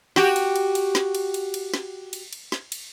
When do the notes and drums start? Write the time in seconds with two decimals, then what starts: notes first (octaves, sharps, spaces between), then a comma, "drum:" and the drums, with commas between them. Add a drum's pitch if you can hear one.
0.16 F#4 G4, drum: snare
0.36 drum: cymbal
0.56 drum: cymbal
0.75 drum: cymbal
0.95 drum: snare
1.15 drum: cymbal
1.34 drum: cymbal
1.54 drum: cymbal
1.74 drum: snare
2.13 drum: cymbal
2.33 drum: cymbal
2.52 drum: snare
2.72 drum: cymbal